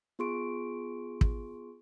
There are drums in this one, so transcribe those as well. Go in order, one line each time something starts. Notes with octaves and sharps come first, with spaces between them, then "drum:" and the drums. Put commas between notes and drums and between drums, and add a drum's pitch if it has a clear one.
B3 F4 G#4 C6 C#6 D7
drum: kick